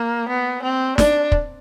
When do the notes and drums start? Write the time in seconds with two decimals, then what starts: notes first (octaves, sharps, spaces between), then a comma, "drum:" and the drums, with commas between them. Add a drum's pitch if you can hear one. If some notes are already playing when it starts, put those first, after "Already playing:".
Already playing: A#3
0.29 B3
0.63 C4
0.98 D4, drum: snare
1.32 drum: kick